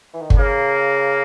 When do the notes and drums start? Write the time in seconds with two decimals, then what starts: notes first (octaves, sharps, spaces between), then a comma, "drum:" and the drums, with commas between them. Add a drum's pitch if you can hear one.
0.14 E3
0.21 D#3
0.30 D3, drum: kick G1
0.38 C#3 A#3